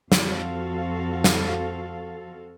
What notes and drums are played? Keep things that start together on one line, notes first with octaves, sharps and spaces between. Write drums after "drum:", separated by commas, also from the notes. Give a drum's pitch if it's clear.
F2 C4 F#4 A4 F5, drum: snare
drum: snare